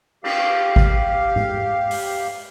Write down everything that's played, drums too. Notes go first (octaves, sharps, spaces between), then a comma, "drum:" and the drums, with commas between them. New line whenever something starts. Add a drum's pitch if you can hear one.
G4 F5, drum: cymbal
drum: kick G#1
drum: tom G#2
drum: open hi-hat